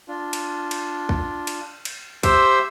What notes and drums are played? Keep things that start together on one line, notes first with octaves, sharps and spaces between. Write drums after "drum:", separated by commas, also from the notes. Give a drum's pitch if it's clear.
D4 F4
drum: cymbal
drum: cymbal
drum: kick
drum: cymbal
drum: cymbal
G4 C5 E5 G5 C6 E6, drum: kick, cymbal